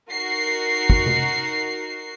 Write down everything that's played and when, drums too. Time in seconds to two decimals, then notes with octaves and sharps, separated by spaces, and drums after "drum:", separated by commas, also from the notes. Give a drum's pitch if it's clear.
0.11 D#4 F#4 A#4 C7
0.90 drum: kick
1.06 drum: tom C3